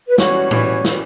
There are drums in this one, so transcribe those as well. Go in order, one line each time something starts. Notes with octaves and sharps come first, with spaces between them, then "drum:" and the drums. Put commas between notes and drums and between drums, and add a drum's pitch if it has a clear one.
B4
E3 G3 C#4 F#4 C#5, drum: snare
E3 G3 C#4 F#4, drum: tom A2
E3 G3 C#4 F#4, drum: snare